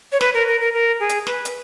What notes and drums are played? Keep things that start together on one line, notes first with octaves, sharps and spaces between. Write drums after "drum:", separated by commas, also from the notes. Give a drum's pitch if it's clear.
C#5
B4, drum: snare
A#4
A#4
A#4
A#4
G#4
drum: hi-hat
B4, drum: snare
drum: hi-hat